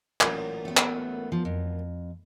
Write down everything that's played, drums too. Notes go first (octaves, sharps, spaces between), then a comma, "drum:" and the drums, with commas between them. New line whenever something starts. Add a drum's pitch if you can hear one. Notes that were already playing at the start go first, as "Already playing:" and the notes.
A1 F#2 A#2, drum: clap
A3 B3
drum: clap
F3
F2